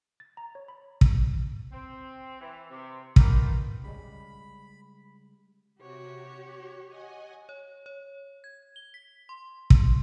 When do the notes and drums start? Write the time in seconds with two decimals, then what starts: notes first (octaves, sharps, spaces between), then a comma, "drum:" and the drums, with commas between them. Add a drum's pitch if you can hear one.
0.20 A6
0.37 A#5
0.55 C#5
0.68 B5
1.01 drum: kick
1.72 C4
2.41 E3
2.70 C3
3.16 D3 D#3 A#3 D#4 F4 B4, drum: kick
3.84 C#3 G3 G#3 B5
5.79 C3 F#4 G4 C#5
6.16 F#4
6.88 D#5 F#5 G#5
7.49 C#5
7.86 C#5
8.44 G#6
8.76 G7
8.94 B6
9.29 C6
9.70 drum: kick